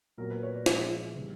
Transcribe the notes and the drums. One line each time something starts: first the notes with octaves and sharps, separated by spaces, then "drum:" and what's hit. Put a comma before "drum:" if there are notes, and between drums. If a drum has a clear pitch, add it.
A#2 F#3 B3 A#4
B4
C#5
D5
A#2 F3 G#3 B3 E5, drum: snare
C#3 E3 G3